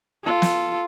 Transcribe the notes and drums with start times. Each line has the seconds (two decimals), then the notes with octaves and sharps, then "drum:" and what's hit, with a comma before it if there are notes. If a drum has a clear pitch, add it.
0.24 F4 A4
0.42 drum: snare